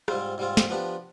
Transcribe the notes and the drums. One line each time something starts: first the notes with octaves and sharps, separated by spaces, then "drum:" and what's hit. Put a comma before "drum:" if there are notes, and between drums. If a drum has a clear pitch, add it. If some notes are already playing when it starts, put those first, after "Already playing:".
G#2 G3 C4 F4, drum: rim click
G#2 G3 C4 F4
drum: snare
F3 B3 D4 G4